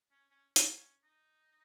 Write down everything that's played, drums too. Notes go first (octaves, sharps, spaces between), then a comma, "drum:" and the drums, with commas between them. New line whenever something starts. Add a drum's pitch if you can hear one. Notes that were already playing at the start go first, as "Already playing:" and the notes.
C#4
C#4
drum: hi-hat
C#4
D#4